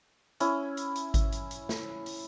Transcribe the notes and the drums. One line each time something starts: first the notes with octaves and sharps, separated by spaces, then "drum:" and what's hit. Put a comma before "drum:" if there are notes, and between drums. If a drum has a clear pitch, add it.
C#4 E4, drum: hi-hat
drum: hi-hat
drum: hi-hat
drum: kick G#1, hi-hat
drum: hi-hat
drum: hi-hat
drum: snare
drum: open hi-hat